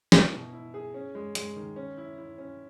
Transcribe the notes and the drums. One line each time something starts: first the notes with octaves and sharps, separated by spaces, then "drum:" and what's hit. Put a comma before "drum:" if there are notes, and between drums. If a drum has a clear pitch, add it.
E4, drum: snare
B2
E4
G#4
C#4
G#3
G#3, drum: hi-hat
D#3
C#4
E4
E4
C#4